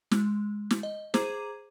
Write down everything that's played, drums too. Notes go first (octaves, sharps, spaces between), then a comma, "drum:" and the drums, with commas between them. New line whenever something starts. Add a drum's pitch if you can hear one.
G#3, drum: snare
drum: snare
D#5
G#4 C5 A#5 D6 G#6 D#7, drum: snare